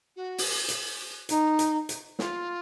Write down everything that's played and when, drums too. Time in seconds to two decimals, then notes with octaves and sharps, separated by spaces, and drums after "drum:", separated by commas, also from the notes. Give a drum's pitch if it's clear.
0.16 F#4
0.38 drum: open hi-hat
0.68 drum: hi-hat
1.29 D#4, drum: hi-hat
1.59 drum: hi-hat
1.89 drum: hi-hat
2.19 F4, drum: snare